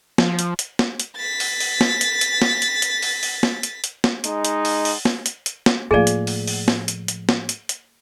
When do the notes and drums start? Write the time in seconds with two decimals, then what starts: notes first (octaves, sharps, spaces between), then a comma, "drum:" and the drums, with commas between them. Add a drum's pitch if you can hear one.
0.18 F3, drum: snare
0.39 drum: hi-hat
0.59 drum: hi-hat
0.79 drum: snare
1.00 drum: hi-hat
1.17 A6 B6
1.40 drum: open hi-hat
1.60 drum: open hi-hat
1.81 drum: snare
2.01 drum: hi-hat
2.21 drum: hi-hat
2.42 drum: snare
2.62 drum: hi-hat
2.82 drum: hi-hat
3.02 drum: open hi-hat
3.23 drum: open hi-hat
3.43 drum: snare
3.63 drum: hi-hat
3.84 drum: hi-hat
4.04 drum: snare
4.24 G#3 D#4, drum: hi-hat
4.45 drum: hi-hat
4.65 drum: open hi-hat
4.85 drum: open hi-hat
5.05 drum: snare
5.26 drum: hi-hat
5.46 drum: hi-hat
5.66 drum: snare
5.91 A2 F3 A#3 F4 G#4 D5 F5
6.07 drum: hi-hat
6.27 drum: open hi-hat
6.47 drum: open hi-hat
6.68 drum: snare
6.88 drum: hi-hat
7.08 drum: hi-hat
7.29 drum: snare
7.49 drum: hi-hat
7.69 drum: hi-hat